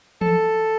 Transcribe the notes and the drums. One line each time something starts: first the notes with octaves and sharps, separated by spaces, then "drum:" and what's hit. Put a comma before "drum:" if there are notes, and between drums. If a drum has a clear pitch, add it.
A4, drum: tom E3